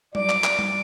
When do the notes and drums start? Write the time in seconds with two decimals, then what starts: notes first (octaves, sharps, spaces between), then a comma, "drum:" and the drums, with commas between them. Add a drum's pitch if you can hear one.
0.15 F#3 D5 D6, drum: tom G3
0.29 drum: clap
0.44 drum: clap
0.59 drum: tom G3